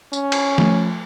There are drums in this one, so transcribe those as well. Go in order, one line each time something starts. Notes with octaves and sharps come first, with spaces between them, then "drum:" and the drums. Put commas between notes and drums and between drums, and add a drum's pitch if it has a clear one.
C#4, drum: tambourine
drum: cymbal
F3 A3, drum: snare